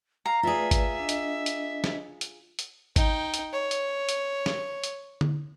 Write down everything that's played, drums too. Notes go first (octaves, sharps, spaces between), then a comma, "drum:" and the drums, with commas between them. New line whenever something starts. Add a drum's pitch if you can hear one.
F5 A#5
A3 F4 G#4 B4 D5 E5
drum: kick G#1, hi-hat
D4 D#5
drum: hi-hat
drum: hi-hat
drum: snare
drum: hi-hat
drum: hi-hat
D#4 G5, drum: kick G#1, hi-hat
drum: hi-hat
C#5
drum: hi-hat
drum: hi-hat
drum: snare
drum: hi-hat
drum: tom D3